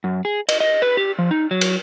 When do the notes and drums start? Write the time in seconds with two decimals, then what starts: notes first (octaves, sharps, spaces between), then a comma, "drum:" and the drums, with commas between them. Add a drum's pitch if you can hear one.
0.04 F#2
0.25 G#4
0.49 D#5, drum: cymbal
0.60 D#5
0.82 B4
0.97 G4
1.19 F3
1.31 D#4
1.51 F#3
1.61 drum: cymbal